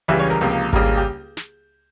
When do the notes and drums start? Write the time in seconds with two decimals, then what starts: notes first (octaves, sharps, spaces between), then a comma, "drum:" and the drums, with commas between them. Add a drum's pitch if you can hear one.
0.08 C#2 C#3 E3 G3 E5
0.20 C#5
0.30 A#4
0.41 C#2 C3 F3 A#3
0.73 C#2 C#3 G3 A#3, drum: kick G#1
0.98 G4
1.37 drum: snare